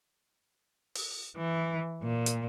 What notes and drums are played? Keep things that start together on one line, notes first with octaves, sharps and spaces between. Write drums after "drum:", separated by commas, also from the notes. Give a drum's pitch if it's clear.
drum: open hi-hat
E3
A#2
drum: hi-hat